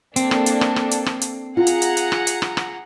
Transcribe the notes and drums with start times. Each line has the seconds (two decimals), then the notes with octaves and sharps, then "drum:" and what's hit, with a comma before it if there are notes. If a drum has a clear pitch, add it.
0.16 A#3 C4 D4 A4, drum: hi-hat
0.31 drum: rim click
0.46 drum: hi-hat
0.61 drum: rim click
0.76 drum: rim click
0.91 drum: hi-hat
1.06 drum: rim click
1.21 drum: hi-hat
1.57 F4 G#4 F#5 A#5
1.67 drum: hi-hat
1.82 drum: hi-hat
1.97 drum: hi-hat
2.12 drum: rim click
2.27 drum: hi-hat
2.42 drum: rim click
2.57 drum: rim click